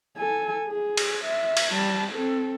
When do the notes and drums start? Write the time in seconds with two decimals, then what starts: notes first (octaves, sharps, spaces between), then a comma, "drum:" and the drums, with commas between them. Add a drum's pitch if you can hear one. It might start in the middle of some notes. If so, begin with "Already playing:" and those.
0.17 A4 G#5
0.68 G#4
0.97 drum: cymbal
1.24 E5
1.57 drum: cymbal
1.73 G3 A5
2.13 C4 A4